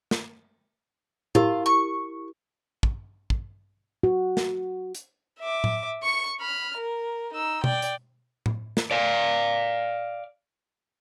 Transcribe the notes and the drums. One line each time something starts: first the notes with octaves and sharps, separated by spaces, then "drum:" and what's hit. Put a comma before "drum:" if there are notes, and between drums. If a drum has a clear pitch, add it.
drum: snare
E4 F4 G4 A#4, drum: tom A2
C#6
drum: kick
drum: kick
F#4
drum: snare
drum: hi-hat
E5 D6
drum: tom A2
C#6 C#7
B5 F6
A#4
D#4 E6
D5 G5, drum: tom
drum: hi-hat
drum: tom A2
drum: snare
D5 F5